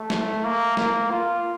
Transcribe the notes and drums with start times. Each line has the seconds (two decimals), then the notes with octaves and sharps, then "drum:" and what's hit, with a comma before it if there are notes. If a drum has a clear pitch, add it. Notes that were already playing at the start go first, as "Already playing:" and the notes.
Already playing: A3
0.10 drum: snare
0.44 A#3
0.77 A#3, drum: snare
1.11 F4